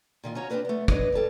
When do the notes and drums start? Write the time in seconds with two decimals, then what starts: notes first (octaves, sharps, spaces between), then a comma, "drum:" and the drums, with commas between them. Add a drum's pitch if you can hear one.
0.24 A#2 D#3 F4
0.35 C#4 D#4 F4 F#4 C#5 A#5
0.50 C4 D4 E4 A#4 B4 D5
0.65 A3 B3
0.88 D4 B4 C#5 D#5, drum: kick
1.12 G3 A4 C#5 D5